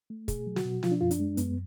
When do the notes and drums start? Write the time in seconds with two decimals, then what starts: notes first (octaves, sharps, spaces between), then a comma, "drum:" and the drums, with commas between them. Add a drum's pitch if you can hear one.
0.10 A3
0.28 B2 G#4, drum: kick, hi-hat
0.47 F#3
0.56 F#4, drum: snare
0.65 B2
0.83 F3 F4, drum: snare
0.92 D4
1.01 F#2 F4
1.11 D4, drum: hi-hat
1.20 G#3
1.37 F#2 B3, drum: hi-hat